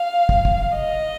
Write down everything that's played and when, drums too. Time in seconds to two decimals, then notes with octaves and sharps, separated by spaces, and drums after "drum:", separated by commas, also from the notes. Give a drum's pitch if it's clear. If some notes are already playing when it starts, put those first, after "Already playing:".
Already playing: F5
0.29 drum: kick
0.45 drum: kick
0.76 D#5